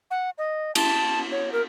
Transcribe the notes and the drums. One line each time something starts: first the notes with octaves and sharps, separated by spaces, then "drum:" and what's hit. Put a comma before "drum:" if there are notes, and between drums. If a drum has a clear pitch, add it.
F#5
D#5
A5, drum: cymbal
C#5
A#4